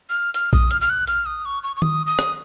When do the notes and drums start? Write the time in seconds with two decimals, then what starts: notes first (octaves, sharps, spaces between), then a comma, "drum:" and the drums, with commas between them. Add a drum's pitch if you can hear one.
0.10 F6
0.34 F6, drum: hi-hat
0.53 D#6, drum: kick A#1
0.71 F6, drum: hi-hat
0.81 F6
0.90 F#6
1.07 F6, drum: hi-hat
1.26 D#6
1.45 C#6
1.63 C#6
1.76 C#6
1.82 D#6, drum: tom D#3
2.06 D#6
2.19 drum: rim click